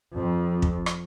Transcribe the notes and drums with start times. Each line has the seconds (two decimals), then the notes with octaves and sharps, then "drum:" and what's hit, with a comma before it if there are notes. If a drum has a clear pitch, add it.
0.14 F2
0.62 drum: kick
0.86 drum: rim click